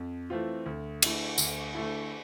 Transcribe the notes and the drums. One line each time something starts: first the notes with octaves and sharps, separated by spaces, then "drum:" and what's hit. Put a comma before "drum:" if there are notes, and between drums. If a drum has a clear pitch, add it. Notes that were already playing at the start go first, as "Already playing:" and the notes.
Already playing: F2
E3 A3 C4 F4
D2
D3 A3 E4, drum: cymbal
D2, drum: tambourine
D3 A3 E4